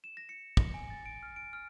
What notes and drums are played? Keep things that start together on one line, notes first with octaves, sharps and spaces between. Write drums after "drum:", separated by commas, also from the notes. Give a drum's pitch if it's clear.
E7
A#6
C#7
A#6, drum: kick
G#5
A6
D7
F6
D7
F6